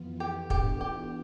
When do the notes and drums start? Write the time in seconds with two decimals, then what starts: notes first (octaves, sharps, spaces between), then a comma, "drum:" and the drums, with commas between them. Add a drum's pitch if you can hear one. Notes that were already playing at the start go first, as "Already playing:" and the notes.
Already playing: F2 E3 B3 F4
0.20 G4
0.50 E3 B3 D4 F4 G4, drum: kick
0.81 G4